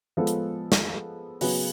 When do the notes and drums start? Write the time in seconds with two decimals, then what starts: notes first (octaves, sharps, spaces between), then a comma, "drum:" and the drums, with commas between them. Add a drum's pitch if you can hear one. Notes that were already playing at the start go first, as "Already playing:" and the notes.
0.17 F3 G#3 B3 A4
0.27 drum: hi-hat
0.72 drum: snare
1.41 C#3 F#3 B3 G#4 B4, drum: open hi-hat